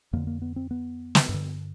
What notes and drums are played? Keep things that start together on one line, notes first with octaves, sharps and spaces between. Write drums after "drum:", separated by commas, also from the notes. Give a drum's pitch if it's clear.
F2 D3 A#3
A#3
B3
C4
B3
drum: snare
G2
D3